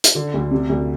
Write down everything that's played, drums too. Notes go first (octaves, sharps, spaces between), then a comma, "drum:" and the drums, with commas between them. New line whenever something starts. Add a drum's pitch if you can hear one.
drum: hi-hat
D3
D2
C3
D2